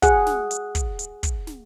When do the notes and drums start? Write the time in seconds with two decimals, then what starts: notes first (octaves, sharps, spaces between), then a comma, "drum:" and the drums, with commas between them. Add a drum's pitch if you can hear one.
0.02 G#4 F#5, drum: kick, hi-hat
0.27 drum: snare
0.51 drum: hi-hat
0.75 drum: kick, hi-hat
0.99 drum: hi-hat
1.23 drum: kick, hi-hat
1.47 drum: snare